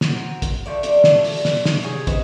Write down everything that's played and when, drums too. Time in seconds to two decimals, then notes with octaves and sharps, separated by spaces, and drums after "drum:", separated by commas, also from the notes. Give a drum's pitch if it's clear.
0.01 C4 F#4 A#4, drum: snare
0.42 drum: kick, hi-hat
0.66 D3 F3 A3 D5
0.83 drum: hi-hat
1.04 drum: snare
1.24 drum: open hi-hat
1.45 drum: snare
1.65 drum: snare
1.83 C3 G#4 C#5
2.07 B4 C5 D#5, drum: kick, hi-hat